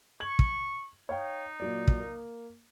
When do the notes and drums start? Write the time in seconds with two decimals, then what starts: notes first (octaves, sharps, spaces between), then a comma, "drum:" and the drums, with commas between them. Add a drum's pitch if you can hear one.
0.20 C#6 G#6 F#7
0.39 drum: kick
1.09 D#4 C#5 F5 G5
1.60 A#2 F#3 D5
1.87 drum: kick
2.00 A#3